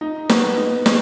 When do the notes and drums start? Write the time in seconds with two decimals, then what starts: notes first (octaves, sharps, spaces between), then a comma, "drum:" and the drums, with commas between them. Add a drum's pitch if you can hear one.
0.01 D#4
0.29 B3, drum: snare
0.57 D#4
0.86 G#3, drum: snare